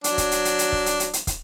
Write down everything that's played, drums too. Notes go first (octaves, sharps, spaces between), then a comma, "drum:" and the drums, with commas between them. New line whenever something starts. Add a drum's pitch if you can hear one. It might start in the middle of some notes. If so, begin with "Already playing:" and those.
F#3 D4, drum: hi-hat
drum: kick, hi-hat
drum: hi-hat
drum: hi-hat
drum: hi-hat
drum: kick
drum: hi-hat
drum: hi-hat
drum: hi-hat
drum: kick, hi-hat